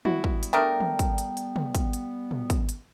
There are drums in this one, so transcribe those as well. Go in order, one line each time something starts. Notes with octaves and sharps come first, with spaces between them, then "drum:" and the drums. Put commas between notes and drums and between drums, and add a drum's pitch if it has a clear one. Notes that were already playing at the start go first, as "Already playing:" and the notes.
G3 B3 E4 F#4, drum: tom
drum: kick
drum: hi-hat
A3 D4 A#4 G5 D#6
drum: tom
drum: kick, hi-hat
drum: hi-hat
drum: hi-hat
drum: tom
drum: kick, hi-hat
drum: hi-hat
drum: tom
drum: kick, hi-hat
drum: hi-hat